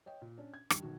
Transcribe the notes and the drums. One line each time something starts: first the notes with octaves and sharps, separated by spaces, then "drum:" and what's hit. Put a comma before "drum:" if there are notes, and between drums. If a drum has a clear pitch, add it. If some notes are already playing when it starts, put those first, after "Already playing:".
C#5 D#5 G5
A#2
C#4 D4
G#6
G2 D#3 G3, drum: rim click
B1 D#3 F#4